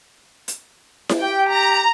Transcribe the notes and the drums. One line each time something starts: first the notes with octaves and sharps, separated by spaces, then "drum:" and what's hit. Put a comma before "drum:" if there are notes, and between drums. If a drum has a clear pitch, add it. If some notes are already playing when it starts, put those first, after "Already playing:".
drum: hi-hat
drum: snare E4
G4 G5
A#5